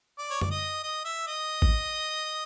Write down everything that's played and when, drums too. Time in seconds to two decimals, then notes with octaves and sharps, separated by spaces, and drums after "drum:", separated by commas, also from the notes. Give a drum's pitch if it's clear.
0.18 D5
0.31 C#5
0.41 D5, drum: tom F#2
0.51 D#5
0.83 D#5
1.05 E5
1.27 D#5
1.62 drum: kick A1